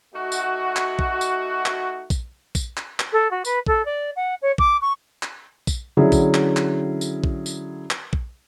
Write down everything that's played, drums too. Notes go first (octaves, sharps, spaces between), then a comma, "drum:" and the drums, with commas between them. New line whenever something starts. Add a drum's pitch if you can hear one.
A3 D#4 F#4
drum: tambourine
drum: clap
drum: kick
drum: tambourine
drum: clap
drum: kick, tambourine
drum: kick, tambourine
drum: clap
drum: clap
A4
F#4
B4, drum: tambourine
A4, drum: kick
D5
F#5
C#5
D6, drum: kick
C#6
drum: clap
drum: kick, tambourine
D3 F#3 C#4 E4 G#4
drum: kick, tambourine
drum: clap
drum: clap
drum: tambourine
drum: kick
drum: tambourine
drum: clap
drum: kick